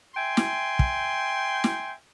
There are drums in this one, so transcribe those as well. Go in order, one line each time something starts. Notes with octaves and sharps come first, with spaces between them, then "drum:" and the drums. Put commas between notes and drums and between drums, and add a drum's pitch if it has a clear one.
E5 G5 G#5 C6
drum: snare
drum: kick
drum: snare